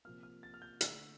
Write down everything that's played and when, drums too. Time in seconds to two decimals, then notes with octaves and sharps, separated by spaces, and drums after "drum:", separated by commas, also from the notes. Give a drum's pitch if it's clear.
0.05 C3 F3 A#3 F6
0.23 F6
0.43 A6
0.54 F6
0.62 G6
0.81 D3 A3 E6, drum: hi-hat